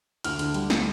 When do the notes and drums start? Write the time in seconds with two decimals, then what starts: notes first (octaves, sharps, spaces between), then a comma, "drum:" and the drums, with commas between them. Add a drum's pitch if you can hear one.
0.24 D2 F6, drum: cymbal
0.39 D3, drum: cymbal
0.54 G3, drum: cymbal
0.70 drum: snare